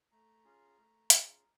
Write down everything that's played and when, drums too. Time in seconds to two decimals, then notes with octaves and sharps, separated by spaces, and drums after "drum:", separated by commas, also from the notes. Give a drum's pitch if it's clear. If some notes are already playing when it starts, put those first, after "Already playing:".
0.12 A3 A#5
0.44 C#4 F4 G#4
0.78 A3
1.10 C#4 F4 G#4, drum: hi-hat